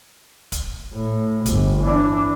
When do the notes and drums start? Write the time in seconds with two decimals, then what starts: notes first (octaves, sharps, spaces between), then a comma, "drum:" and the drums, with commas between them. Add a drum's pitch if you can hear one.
0.52 drum: kick, hi-hat
0.93 A2
1.46 G1, drum: kick, hi-hat
1.82 E3 D4